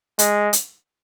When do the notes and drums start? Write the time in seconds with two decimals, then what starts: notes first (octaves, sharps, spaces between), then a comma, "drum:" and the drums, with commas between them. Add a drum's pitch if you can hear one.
0.19 G#3, drum: hi-hat
0.53 drum: hi-hat